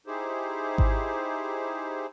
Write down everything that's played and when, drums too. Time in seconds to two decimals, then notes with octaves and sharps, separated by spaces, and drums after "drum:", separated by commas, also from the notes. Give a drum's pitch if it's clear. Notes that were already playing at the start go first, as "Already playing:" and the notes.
0.07 D#4 E4 G4 G#4 C5
0.78 drum: kick G#1